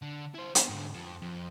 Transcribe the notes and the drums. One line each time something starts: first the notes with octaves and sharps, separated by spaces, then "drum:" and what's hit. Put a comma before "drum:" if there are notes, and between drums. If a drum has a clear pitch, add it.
D3
E4 C5
B3 G#4, drum: hi-hat
G#2 D3
F2
F2